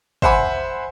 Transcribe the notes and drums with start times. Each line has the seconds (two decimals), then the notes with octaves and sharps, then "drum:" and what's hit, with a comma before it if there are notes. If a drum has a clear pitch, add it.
0.22 C5 E5 F#5 G#5 B5, drum: kick
0.39 drum: tom E2